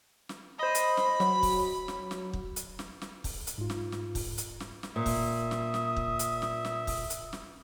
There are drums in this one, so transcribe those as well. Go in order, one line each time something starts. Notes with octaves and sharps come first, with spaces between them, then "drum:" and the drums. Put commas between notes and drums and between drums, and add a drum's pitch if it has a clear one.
drum: snare
C5 D#5 B5
drum: hi-hat
drum: snare
F#3, drum: snare
drum: kick, open hi-hat
drum: snare
drum: snare
drum: kick
drum: hi-hat
drum: snare
drum: snare
drum: kick, open hi-hat
drum: hi-hat
G#2 F4
drum: snare
drum: snare
drum: kick, open hi-hat
drum: hi-hat
drum: snare
drum: snare
A#2 E5 D#6
drum: kick, open hi-hat
drum: snare
drum: snare
drum: kick
drum: hi-hat
drum: snare
drum: snare
drum: kick, open hi-hat
drum: hi-hat
drum: snare